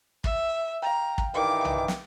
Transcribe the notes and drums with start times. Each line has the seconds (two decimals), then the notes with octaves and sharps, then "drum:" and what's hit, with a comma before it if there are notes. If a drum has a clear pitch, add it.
0.24 E5, drum: kick
0.82 F5 G5 A#5
1.18 drum: kick
1.34 G2 D#3 E3 F5 G5 D6
1.65 drum: tom B1
1.88 drum: snare